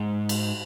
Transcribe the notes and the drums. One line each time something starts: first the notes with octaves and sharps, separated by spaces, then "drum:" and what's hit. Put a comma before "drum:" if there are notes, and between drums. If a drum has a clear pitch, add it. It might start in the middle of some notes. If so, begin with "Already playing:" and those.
Already playing: G#2
drum: cymbal